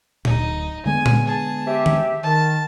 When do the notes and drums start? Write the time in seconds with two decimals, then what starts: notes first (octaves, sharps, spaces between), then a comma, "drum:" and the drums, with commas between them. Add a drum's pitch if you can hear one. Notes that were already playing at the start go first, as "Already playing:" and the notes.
0.25 D1 D#4, drum: tom A#2
0.86 D3 G#3 B3 G#5
1.06 drum: tom A#2
1.25 G#4 A5
1.67 G4 C5 E5
1.86 drum: tom D#3
2.23 D#3 A5